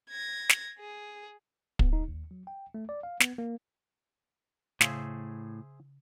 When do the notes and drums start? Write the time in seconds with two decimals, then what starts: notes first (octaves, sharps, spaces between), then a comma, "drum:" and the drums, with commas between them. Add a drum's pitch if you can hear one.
0.10 G#6 A#6
0.49 drum: snare
0.79 G#4
1.79 B3, drum: kick
1.93 D#4
2.08 D#2
2.31 F#3
2.47 G5
2.74 A3
2.89 D5
3.03 F5
3.20 B3, drum: snare
3.38 A#3
4.81 A2 C#3 G#4 C5 E5 F5, drum: snare